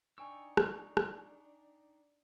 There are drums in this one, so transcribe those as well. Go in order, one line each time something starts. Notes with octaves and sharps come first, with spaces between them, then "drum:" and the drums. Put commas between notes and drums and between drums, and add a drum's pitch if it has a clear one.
D4 D#4 G5 G#5 C#6 E6
drum: rim click
drum: rim click